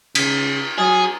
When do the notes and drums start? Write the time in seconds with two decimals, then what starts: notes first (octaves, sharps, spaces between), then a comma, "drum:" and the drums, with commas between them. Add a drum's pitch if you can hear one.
0.15 C#3, drum: cymbal
0.78 F#3 G#4